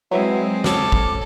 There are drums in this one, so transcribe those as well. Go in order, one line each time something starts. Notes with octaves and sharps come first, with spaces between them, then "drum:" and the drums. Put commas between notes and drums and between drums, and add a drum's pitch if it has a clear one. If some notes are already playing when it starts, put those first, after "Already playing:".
F#3 G#3 C4 E4 B4
A4 C#5 D6 F6, drum: snare
drum: kick